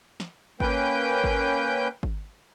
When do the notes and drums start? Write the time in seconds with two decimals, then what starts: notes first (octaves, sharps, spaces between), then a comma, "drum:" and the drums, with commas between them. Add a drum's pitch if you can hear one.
0.20 drum: snare
0.60 A#3 C#4 B4 G5 G6, drum: kick G#1
1.24 drum: kick G#1
2.03 drum: kick G#1